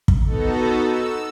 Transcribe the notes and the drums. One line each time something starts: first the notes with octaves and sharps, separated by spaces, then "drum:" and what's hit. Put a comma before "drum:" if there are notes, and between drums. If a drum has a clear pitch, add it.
drum: kick
B3 D#4 F#4 A4
E6